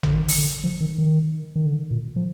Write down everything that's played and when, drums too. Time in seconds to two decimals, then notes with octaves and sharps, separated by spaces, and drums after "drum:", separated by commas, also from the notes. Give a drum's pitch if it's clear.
0.03 D3, drum: tom
0.13 D#3
0.28 drum: open hi-hat
0.38 D3
0.64 F3
0.81 D#3
0.98 D#3
1.56 D#3
1.66 D3
1.91 A#2
2.16 F3